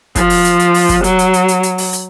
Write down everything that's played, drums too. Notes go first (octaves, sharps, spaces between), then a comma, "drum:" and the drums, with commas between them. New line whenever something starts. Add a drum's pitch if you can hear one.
F3, drum: kick, hi-hat
drum: open hi-hat
drum: hi-hat
drum: hi-hat
drum: open hi-hat
drum: kick, hi-hat
F#3, drum: hi-hat
drum: hi-hat
drum: hi-hat
drum: hi-hat
drum: hi-hat
drum: open hi-hat
drum: hi-hat